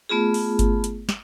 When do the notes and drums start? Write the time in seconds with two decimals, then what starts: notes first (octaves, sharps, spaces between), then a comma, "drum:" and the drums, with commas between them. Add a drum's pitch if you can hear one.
0.09 A3 B3 F4 G#4
0.34 drum: open hi-hat
0.59 drum: kick G1, hi-hat
0.84 drum: hi-hat
1.09 drum: snare